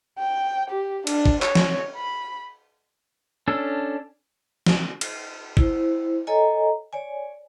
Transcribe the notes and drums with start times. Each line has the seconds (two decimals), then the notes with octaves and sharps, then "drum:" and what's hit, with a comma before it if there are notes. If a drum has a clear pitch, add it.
0.19 G5
0.70 G4
1.07 D4, drum: cymbal
1.26 drum: kick
1.42 C#5, drum: clap
1.55 drum: snare
1.96 B5
3.48 C#4 D4 A4
4.66 drum: snare
5.01 drum: cymbal
5.57 E4 C5, drum: kick
6.27 A4 C#5 D#5 G#5 A#5
6.93 C#5 D5 G#5